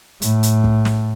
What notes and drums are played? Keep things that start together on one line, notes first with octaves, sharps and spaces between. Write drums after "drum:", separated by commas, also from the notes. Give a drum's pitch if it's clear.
A2, drum: hi-hat
drum: hi-hat
drum: kick
drum: snare